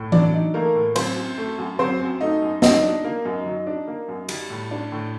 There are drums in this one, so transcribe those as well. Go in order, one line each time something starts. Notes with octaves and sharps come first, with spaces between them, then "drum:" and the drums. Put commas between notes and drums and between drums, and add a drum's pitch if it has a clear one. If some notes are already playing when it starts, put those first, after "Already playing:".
Already playing: A2
F#3 D4 D5, drum: tom E3
D#4
A3 A#3 A#4
A2
F#3 C4 C5, drum: cymbal
F#2
A3
F#2
F#3 C4 C5
F#2
A3 D#4 D#5
F#2
F#3 D#4 D#5, drum: snare
D4
A#3
F#2
F#3
D4
A#3
F#2
G3, drum: cymbal
A2
D4
A2